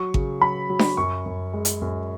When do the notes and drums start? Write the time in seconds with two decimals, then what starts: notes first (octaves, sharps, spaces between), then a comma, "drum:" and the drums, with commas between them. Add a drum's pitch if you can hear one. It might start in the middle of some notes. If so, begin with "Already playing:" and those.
Already playing: F#3 C#6
0.14 C#3, drum: kick G#1
0.41 F#3 B5
0.69 F#3
0.79 drum: snare D4
0.97 F#2 C#6
1.26 F#2
1.53 G#3
1.65 drum: hi-hat
1.81 F#2